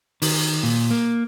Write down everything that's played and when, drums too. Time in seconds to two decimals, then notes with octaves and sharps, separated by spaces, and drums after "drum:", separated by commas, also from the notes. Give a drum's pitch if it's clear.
0.22 D#3, drum: open hi-hat
0.63 A#2
0.91 A#3